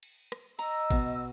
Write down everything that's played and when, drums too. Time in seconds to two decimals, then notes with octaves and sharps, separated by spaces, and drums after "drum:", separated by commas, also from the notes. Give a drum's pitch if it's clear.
0.03 drum: cymbal
0.32 drum: rim click
0.59 D#5 A#5 E6, drum: cymbal
0.90 B2, drum: kick G#1, cymbal